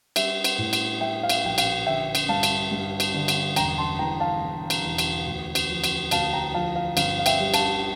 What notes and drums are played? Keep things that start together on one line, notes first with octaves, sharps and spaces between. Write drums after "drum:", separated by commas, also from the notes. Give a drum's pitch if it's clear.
G3 E5, drum: cymbal
drum: cymbal
A2
drum: cymbal
G3 E5 G5
F5
E5, drum: cymbal
A#1 G5
F5, drum: cymbal
D3 E5 G5
drum: cymbal
G2 F5 A5
drum: cymbal
G2
drum: cymbal
D3
drum: cymbal
E1 G5 A#5, drum: cymbal
A5 C6
E2 G5 A#5
F5 A5
E2
drum: cymbal
E2
drum: cymbal
D2
drum: cymbal
F3
drum: cymbal
D2 F5 A5, drum: cymbal
G5 A#5
F3 F5 A5
F5
G1 F5, drum: cymbal
F5
E5 G5, drum: cymbal
G3
F5 A5, drum: cymbal